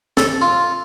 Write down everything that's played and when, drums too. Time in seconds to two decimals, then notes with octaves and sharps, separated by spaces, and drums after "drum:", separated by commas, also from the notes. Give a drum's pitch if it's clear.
0.17 A4, drum: snare
0.41 F4